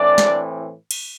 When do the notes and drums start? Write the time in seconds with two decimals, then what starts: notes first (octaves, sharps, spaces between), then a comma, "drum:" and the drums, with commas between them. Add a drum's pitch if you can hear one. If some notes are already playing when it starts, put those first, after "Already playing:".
Already playing: A2 E3 C4 D4 D5
0.18 drum: snare
0.91 drum: cymbal